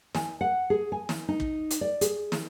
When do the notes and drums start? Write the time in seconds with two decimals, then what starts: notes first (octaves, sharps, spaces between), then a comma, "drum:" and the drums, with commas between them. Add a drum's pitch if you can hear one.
0.15 G#5, drum: snare
0.41 F#5
0.70 G#4
0.92 G#5
1.09 drum: snare
1.29 D#4
1.40 drum: kick
1.70 drum: hi-hat
1.81 D5
2.01 G#4, drum: hi-hat
2.32 drum: snare